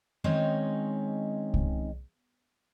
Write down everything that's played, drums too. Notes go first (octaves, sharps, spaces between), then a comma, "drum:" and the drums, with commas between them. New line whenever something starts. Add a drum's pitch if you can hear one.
D#3 G#3 C4 C#4 D#4 C#5
drum: kick C2